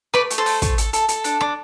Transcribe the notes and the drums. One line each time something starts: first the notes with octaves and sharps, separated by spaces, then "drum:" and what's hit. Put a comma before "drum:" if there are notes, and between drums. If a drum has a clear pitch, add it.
A3 B4 D5, drum: rim click
A3, drum: hi-hat
A4 C5
A3, drum: open hi-hat
A3, drum: kick, hi-hat
A4, drum: hi-hat
A4, drum: hi-hat
A4, drum: hi-hat
D4, drum: hi-hat
D4, drum: rim click